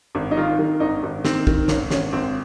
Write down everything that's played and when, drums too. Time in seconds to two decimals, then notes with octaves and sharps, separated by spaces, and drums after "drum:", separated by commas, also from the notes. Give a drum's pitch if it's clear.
0.15 G#1
0.31 D#4
0.37 D#3 F4
0.59 D#3
0.80 G#1 D#4
1.03 G#1
1.25 D#3 C4, drum: snare
1.47 D#3, drum: kick
1.68 G#1 C#4, drum: snare
1.90 G#1 C#4, drum: snare
2.13 G#1 C4